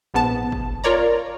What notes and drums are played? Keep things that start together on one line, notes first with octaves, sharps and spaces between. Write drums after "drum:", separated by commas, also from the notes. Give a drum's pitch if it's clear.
A#1 G#2 B3 A5
drum: kick
F4 A#4 C#5 D5 A#5